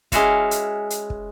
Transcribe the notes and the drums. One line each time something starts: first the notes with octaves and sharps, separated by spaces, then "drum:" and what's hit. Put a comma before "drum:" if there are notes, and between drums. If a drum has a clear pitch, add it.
G#3 C#4 E4 F#4 F5, drum: kick, hi-hat
drum: hi-hat
drum: hi-hat
drum: kick